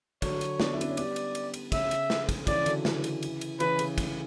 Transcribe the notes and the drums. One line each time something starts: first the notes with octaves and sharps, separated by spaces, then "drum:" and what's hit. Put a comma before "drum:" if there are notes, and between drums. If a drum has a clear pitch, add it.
D3 F#3 C#5, drum: kick, cymbal
drum: cymbal
B3 D4, drum: snare
E4
D4, drum: cymbal
C#4
G3 B3 D5, drum: cymbal
drum: cymbal
drum: cymbal
drum: cymbal
C#3 E5, drum: kick, cymbal
drum: cymbal
drum: snare
drum: kick, cymbal
C#3 E3 D5, drum: kick, cymbal
D3 F#3, drum: cymbal
C#3 E3, drum: snare
drum: cymbal
drum: cymbal
drum: cymbal
C#3 E3 B4, drum: cymbal
C#3, drum: cymbal
drum: kick, cymbal